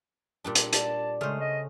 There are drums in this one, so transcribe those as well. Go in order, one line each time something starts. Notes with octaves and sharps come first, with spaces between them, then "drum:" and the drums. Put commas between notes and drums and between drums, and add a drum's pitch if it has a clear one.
A#2 G3 D4
drum: hi-hat
D5 A5, drum: hi-hat
C#3 G#3 A3 C5 D#6 F6
D#5